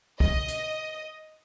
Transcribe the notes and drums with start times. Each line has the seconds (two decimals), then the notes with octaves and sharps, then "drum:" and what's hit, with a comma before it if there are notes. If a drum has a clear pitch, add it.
0.20 D#5, drum: kick
0.48 drum: hi-hat